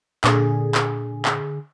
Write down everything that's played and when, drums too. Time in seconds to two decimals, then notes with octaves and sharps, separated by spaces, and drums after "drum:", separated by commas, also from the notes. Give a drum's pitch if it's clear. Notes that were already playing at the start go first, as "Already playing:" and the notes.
0.24 A#2 D3 G#4, drum: clap
0.75 drum: clap
1.25 drum: clap